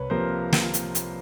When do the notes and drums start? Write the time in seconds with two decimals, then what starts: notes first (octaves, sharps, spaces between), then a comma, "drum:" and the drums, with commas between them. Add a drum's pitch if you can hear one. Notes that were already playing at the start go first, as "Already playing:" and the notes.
Already playing: C2 B4 C#5
0.10 C3 F3 A#3 A#4 C5
0.53 drum: snare
0.74 drum: hi-hat
0.95 drum: hi-hat